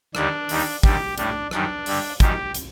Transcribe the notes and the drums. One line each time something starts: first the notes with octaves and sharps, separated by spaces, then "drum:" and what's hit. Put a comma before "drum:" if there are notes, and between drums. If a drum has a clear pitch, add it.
D#2 D3 G3 D4, drum: rim click
D#2 D#3 G3, drum: open hi-hat
D#2 D3 G3 G4, drum: kick
A2 G3 D4, drum: hi-hat
F#2 D#3 G3 D4, drum: rim click
G2 D3 G3, drum: open hi-hat
F#2 D#3 G3 G4, drum: kick, hi-hat
drum: hi-hat